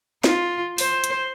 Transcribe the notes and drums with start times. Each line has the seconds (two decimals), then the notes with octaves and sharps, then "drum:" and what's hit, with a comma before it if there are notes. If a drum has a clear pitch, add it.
0.24 F4, drum: snare
0.78 C5, drum: open hi-hat
1.04 drum: hi-hat